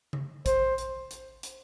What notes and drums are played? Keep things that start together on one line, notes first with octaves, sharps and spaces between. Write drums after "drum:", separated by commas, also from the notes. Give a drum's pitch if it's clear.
drum: tom C#3
C5, drum: kick, hi-hat
drum: hi-hat
drum: hi-hat
drum: hi-hat